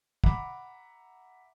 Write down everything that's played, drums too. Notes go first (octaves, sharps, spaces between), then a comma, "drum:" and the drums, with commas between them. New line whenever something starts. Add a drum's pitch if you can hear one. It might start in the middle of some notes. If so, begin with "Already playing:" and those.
E5 F#5 A#5 B5 D6, drum: kick